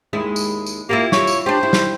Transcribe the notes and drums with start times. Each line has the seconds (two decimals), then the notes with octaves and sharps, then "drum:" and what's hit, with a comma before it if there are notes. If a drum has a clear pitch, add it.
0.13 D#2 G#3 E4
0.36 drum: tambourine
0.66 drum: tambourine
0.89 A#3 E4 F4 G4
1.12 C#5, drum: snare
1.27 drum: tambourine
1.46 D4 G4 C5
1.63 E4
1.73 drum: snare